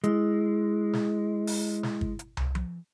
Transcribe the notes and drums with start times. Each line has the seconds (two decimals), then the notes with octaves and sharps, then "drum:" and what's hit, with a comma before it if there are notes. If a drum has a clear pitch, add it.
0.04 G#3 E4, drum: hi-hat
0.93 drum: snare
1.47 drum: open hi-hat
1.83 drum: snare
2.01 drum: kick G1
2.19 drum: hi-hat
2.37 drum: tom
2.55 drum: tom F3